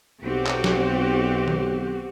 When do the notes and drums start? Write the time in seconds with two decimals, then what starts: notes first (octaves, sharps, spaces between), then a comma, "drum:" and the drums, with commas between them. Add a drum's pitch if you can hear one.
0.23 B1 C4 F#4 G4
0.47 drum: clap
0.64 drum: snare
1.48 drum: tom D#3